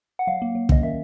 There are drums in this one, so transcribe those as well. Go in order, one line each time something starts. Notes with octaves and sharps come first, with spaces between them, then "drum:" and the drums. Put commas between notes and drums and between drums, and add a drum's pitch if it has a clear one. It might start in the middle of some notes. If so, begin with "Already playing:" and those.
F#5
F#3 F5
A#3
F#3
C#4 D#5, drum: kick
D#3 E5